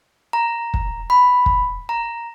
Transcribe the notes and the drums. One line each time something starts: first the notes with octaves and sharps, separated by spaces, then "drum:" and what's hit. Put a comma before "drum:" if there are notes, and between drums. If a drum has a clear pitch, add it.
A#5
drum: kick
B5
drum: kick
A#5